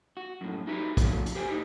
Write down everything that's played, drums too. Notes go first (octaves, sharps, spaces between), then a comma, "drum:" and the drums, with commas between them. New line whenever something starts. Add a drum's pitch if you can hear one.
F#4
F#2 A2
D#4 E4 F#4 G4 B4
F3 A3 B3 F#4, drum: kick, hi-hat
drum: hi-hat
G4 B4 C5 G5 G#5
A2 D#4 G4 B4